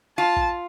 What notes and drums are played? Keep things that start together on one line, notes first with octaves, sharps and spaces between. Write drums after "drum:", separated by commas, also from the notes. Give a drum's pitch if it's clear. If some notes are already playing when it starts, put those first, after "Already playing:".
F4 A5
drum: kick